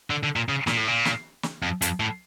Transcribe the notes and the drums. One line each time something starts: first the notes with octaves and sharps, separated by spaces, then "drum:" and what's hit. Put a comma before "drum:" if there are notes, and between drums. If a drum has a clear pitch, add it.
D3
D3
A#2
C#3
A#2, drum: snare
A2
A#2
drum: snare
drum: snare
F2
F2, drum: hi-hat
A2